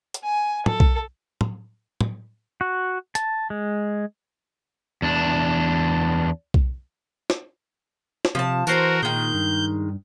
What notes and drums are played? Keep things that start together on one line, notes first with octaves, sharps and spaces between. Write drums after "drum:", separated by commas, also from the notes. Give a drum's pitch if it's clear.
drum: hi-hat
G#5
A4, drum: tom
drum: kick B1
drum: tom A2
drum: tom A2
F#4
A5, drum: hi-hat
G#3
E2 D4
drum: kick B1
drum: snare
drum: snare
C3 F3 A5
E3 F#4 A#4 C5 A5, drum: tambourine
A#2 D#3 G#3 G6
G2